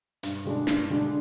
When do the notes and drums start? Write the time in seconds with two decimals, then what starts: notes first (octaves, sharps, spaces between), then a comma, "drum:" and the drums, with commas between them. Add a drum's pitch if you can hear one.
0.23 G2, drum: hi-hat
0.45 D3 G#3 D4
0.67 G2, drum: snare
0.90 D3 G#3 D4